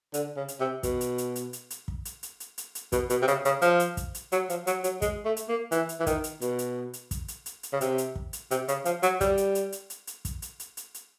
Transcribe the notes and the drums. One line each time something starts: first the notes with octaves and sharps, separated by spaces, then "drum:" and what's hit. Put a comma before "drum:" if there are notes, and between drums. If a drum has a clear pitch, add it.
D3, drum: hi-hat
C#3
drum: hi-hat
C3
B2, drum: kick, hi-hat
drum: hi-hat
drum: hi-hat
drum: hi-hat
drum: hi-hat
drum: hi-hat
drum: kick
drum: hi-hat
drum: hi-hat
drum: hi-hat
drum: hi-hat
drum: hi-hat
B2, drum: kick, hi-hat
B2, drum: hi-hat
C3
C#3, drum: hi-hat
C#3, drum: hi-hat
F3, drum: hi-hat
drum: hi-hat
drum: kick, hi-hat
drum: hi-hat
F#3, drum: hi-hat
F3, drum: hi-hat
F#3, drum: hi-hat
F#3, drum: hi-hat
G#3, drum: kick, hi-hat
A3
drum: hi-hat
A#3
E3, drum: hi-hat
drum: hi-hat
E3
D#3, drum: kick, hi-hat
drum: hi-hat
B2, drum: hi-hat
drum: hi-hat
drum: hi-hat
drum: kick, hi-hat
drum: hi-hat
drum: hi-hat
drum: hi-hat
C#3
C3, drum: hi-hat
drum: hi-hat
drum: kick
drum: hi-hat
C3, drum: hi-hat
C#3, drum: hi-hat
F3, drum: hi-hat
F#3, drum: hi-hat
G3, drum: kick, hi-hat
drum: hi-hat
drum: hi-hat
drum: hi-hat
drum: hi-hat
drum: hi-hat
drum: kick, hi-hat
drum: hi-hat
drum: hi-hat
drum: hi-hat
drum: hi-hat